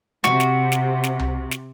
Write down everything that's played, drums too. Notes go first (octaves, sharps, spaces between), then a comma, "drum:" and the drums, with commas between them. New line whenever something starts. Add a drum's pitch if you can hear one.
C3 F#4, drum: snare
drum: snare
drum: snare
drum: snare
drum: tom C2
drum: snare